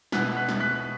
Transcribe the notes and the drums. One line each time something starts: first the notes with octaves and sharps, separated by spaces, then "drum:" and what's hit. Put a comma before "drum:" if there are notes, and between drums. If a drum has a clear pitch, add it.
B2 B3 E4 F#6 B6, drum: snare
F#6 B6
drum: snare
F#6 B6